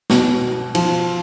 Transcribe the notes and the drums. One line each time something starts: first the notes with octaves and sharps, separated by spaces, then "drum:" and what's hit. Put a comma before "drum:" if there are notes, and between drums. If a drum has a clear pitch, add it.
B2, drum: snare
F3, drum: cymbal